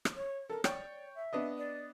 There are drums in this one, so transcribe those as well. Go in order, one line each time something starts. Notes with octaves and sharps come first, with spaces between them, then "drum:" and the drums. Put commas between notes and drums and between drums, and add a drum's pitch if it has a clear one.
drum: rim click
C#5
A4 A#4
C#5 D5 G5, drum: rim click
E5
B3 D4 D#5
D5